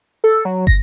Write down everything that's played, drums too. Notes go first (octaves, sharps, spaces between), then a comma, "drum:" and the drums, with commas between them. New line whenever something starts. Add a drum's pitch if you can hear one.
A4
F#3
A#6, drum: kick